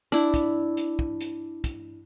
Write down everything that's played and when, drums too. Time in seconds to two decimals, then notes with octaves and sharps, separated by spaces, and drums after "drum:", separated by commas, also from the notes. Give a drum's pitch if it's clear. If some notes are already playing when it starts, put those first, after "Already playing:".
0.12 D4 E4
0.34 drum: kick, hi-hat
0.77 drum: hi-hat
0.99 drum: kick
1.21 drum: hi-hat
1.64 drum: kick, hi-hat